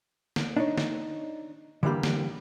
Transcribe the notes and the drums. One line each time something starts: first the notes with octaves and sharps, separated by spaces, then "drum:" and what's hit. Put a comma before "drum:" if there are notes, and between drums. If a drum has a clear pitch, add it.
drum: snare
D4 D#4 C#5
drum: snare
D3 E3 G3 A#3 G4
drum: snare